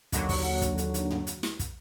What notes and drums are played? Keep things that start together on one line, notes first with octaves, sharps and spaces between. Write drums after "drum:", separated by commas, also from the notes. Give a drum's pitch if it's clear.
D#2 D3 F#3, drum: kick, hi-hat
drum: kick, open hi-hat
drum: kick, hi-hat
drum: hi-hat
drum: hi-hat
drum: tom
drum: hi-hat
drum: snare
drum: kick, hi-hat